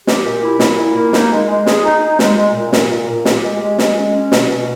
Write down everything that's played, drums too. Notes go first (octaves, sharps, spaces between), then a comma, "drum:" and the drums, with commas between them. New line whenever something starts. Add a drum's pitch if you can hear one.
G4, drum: snare
A#2
E4
A#2, drum: snare
E4
A#3
D#4, drum: snare
G#3
G#3
G#4, drum: snare
D#4
D#4
G#3, drum: snare
G#3
A#2
A#2, drum: snare
A#2
A#2
G4, drum: snare
G#3
G#3
G#3, drum: snare
C#4
C#4
B2, drum: snare
B2